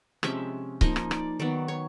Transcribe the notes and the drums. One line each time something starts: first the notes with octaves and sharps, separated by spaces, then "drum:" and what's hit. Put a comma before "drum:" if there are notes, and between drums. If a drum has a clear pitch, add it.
C3 F3 G#3 C#4 E5, drum: rim click
F3 A#3 D#4 D#5, drum: kick C#1
drum: rim click
D5, drum: rim click
D#3 F#3 B3 D5
C#5